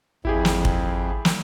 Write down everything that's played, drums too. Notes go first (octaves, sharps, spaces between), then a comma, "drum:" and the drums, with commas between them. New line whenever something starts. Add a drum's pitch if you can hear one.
G#1 F2 E4 G4 G#4
drum: snare
drum: kick
drum: snare